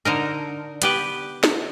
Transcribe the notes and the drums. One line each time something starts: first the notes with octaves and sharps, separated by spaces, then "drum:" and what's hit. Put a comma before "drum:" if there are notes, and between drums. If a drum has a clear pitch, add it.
D3 D#4 A#4
B3 G4 B4, drum: hi-hat
drum: snare